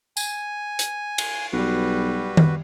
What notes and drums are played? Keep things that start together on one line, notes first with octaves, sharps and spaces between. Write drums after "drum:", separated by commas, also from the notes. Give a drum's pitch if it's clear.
G#5, drum: tambourine
drum: hi-hat
drum: cymbal
B1 G3 F#4 B4
drum: tom D#3